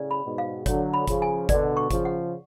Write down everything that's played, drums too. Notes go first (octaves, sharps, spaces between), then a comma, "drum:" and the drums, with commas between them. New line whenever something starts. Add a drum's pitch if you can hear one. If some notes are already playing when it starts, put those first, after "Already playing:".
Already playing: A2 C#3 D5
B5
G#2 B2
F5
D3 F#3 C#5, drum: kick G1, hi-hat
B5
C#3 F3, drum: kick G1, hi-hat
G#5
B2 D3 D5, drum: kick G1, hi-hat
C#6
C#3 F3, drum: kick G1, hi-hat
F#5